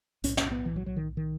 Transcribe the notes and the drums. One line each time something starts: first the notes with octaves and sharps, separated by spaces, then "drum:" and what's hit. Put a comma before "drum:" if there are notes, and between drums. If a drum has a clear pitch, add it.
B1 A2 C#4, drum: hi-hat
C#4, drum: snare
B3
E3
F#3
F#3
D#3
D#3